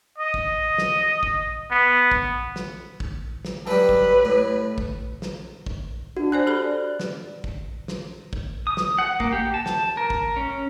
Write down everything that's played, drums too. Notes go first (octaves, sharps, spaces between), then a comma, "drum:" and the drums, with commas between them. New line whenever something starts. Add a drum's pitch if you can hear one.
D#5
drum: kick
drum: snare
drum: kick
B3
drum: kick
drum: snare
drum: kick
drum: snare
F#3 G3 B4
drum: kick
A2
drum: kick
drum: snare
drum: kick
D4 F#4
C5 D5 G#5 F#6
G4 A4 B5
D5
drum: snare
drum: kick
drum: snare
drum: kick
D#6
drum: snare
F#5
A#3, drum: kick
G4
A5
drum: snare
A#4
drum: kick
C#4